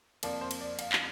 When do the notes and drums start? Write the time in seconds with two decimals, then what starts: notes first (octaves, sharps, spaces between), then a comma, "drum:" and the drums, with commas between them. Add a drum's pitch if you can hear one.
0.23 F2 F3 A#3 D5, drum: cymbal
0.41 C5
0.51 drum: cymbal
0.61 D5
0.79 F5, drum: cymbal
0.92 drum: clap